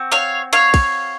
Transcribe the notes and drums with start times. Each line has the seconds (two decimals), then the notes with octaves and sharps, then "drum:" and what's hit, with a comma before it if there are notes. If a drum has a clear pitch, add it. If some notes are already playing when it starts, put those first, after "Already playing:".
Already playing: C4 F#4
0.12 C#5 F5
0.53 C#5 F5
0.74 drum: kick, cymbal